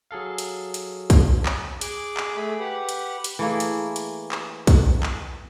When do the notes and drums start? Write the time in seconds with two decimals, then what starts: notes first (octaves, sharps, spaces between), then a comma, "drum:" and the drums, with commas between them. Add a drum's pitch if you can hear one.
0.11 F#3 G#4 A4 F5
0.38 drum: hi-hat
0.74 drum: hi-hat
1.10 drum: kick, hi-hat
1.46 drum: clap
1.81 G#4 D6 F#6, drum: hi-hat
2.17 drum: clap
2.36 A3 G#4 B5
2.60 G4 B4 F#5
2.89 drum: hi-hat
3.24 drum: hi-hat
3.39 E3 A3 A#3 G#4
3.60 drum: hi-hat
3.96 drum: hi-hat
4.32 drum: clap
4.67 drum: kick, hi-hat
5.03 drum: clap